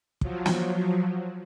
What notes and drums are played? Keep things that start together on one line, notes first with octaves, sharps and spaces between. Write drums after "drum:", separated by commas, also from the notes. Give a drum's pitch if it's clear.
F3 F#3, drum: kick
drum: snare